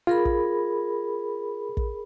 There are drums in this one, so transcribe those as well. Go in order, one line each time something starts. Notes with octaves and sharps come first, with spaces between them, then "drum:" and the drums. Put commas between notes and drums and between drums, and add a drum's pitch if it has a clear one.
F4 G#4 A#4 B5
drum: kick
drum: kick